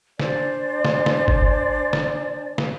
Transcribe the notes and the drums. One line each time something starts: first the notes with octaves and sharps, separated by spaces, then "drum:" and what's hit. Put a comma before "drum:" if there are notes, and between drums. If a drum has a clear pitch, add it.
D4 C5 D5 G#5, drum: snare
drum: snare
drum: snare
drum: kick F#1
drum: snare
drum: snare